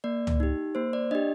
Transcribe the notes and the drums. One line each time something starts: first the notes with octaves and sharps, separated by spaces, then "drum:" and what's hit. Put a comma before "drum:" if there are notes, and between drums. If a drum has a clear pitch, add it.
A#3 D5
drum: tom C#2
D#4 G4
A#3 C5
D5
D4 G4 D#5